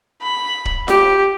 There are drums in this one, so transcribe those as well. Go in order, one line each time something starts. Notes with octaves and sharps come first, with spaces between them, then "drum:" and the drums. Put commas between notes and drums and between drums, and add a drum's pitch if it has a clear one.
B5
drum: kick
G4, drum: snare F4